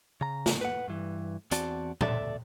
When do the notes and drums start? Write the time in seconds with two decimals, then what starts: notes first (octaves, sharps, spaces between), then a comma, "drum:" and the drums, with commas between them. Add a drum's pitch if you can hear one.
0.21 C#3 A#5
0.46 drum: snare
0.61 B4 F#5
0.88 G2 E3
1.51 E2 E3 C4 F#4 D5 A5, drum: hi-hat
2.01 D2 B2 A4 D5 E5, drum: tom A#2